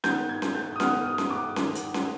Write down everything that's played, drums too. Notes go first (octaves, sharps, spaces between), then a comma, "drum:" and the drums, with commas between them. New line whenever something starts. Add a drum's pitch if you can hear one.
D#3 B3 G6, drum: snare C#4
G#6
drum: snare C#4
G6
D#6
D#3 B3 F6, drum: snare C#4
D#6
drum: snare C#4
D6
D#3, drum: snare C#4
drum: hi-hat
drum: snare C#4